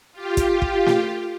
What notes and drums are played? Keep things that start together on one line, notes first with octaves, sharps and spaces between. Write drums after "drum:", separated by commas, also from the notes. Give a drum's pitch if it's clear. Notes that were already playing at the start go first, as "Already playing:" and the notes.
F4 G4
drum: kick, hi-hat
drum: kick
drum: snare